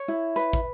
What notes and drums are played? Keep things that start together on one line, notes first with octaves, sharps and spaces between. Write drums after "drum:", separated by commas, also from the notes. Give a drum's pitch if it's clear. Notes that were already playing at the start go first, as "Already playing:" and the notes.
Already playing: C#5
E4
B4, drum: hi-hat
drum: kick, hi-hat